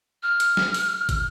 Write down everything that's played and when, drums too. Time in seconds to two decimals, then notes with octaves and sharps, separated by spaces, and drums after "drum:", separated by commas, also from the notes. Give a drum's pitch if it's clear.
0.23 F6
0.40 drum: hi-hat
0.57 drum: snare
0.74 drum: open hi-hat
1.09 drum: kick, hi-hat